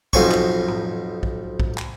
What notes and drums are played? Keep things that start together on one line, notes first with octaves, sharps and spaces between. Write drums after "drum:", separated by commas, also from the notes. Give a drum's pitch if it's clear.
B1 F2 C4 G#5 C#6, drum: kick A#1
drum: clap
drum: tom G#2
drum: kick A#1
drum: kick A#1
drum: clap